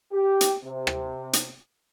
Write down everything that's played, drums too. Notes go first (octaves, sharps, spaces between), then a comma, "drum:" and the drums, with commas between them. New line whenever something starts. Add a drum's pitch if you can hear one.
G4
drum: hi-hat
C3
drum: rim click
drum: hi-hat